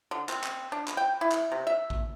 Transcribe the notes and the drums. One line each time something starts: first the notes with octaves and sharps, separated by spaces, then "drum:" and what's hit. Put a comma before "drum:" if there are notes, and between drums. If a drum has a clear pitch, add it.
D3
C4, drum: clap
drum: clap
D4
drum: clap
G5
E4
drum: clap
C3
E5
drum: kick A1